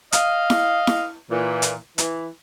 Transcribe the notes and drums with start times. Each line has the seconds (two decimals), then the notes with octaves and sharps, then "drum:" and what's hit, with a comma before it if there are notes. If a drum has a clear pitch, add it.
0.12 D#5 F5, drum: hi-hat
0.50 drum: snare E4
0.87 drum: snare E4
1.31 A#2 E3
1.62 drum: hi-hat
1.98 E3, drum: hi-hat